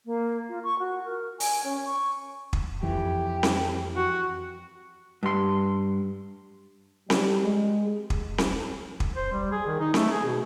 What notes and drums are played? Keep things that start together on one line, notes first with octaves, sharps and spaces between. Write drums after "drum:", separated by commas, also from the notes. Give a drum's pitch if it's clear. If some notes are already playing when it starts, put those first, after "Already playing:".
A#3
F4
C#6
F#4
A#4
G#5, drum: open hi-hat
C#4
C#6
drum: kick
F2 E3 G4
drum: snare C4
F#4
G2 C6
G3, drum: snare C4
G#3
drum: kick
drum: snare C4
drum: kick
C5
G3
G#4
D#3
D#4
A3, drum: snare C4
G#4
B2